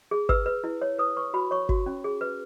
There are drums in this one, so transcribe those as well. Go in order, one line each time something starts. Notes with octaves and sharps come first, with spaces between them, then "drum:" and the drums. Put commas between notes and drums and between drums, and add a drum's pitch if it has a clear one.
G#4
B4 E6, drum: kick G1
B4
E4
C#5
B4 D#6
B4 C#6
F#4 B5
C#5 C#6
F#4, drum: kick G1
C#4
G#4
B4